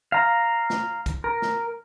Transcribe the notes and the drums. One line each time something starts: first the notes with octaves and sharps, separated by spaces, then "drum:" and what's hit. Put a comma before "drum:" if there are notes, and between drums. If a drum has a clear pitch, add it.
F5 A#5
drum: snare
drum: kick, hi-hat
A#4
drum: snare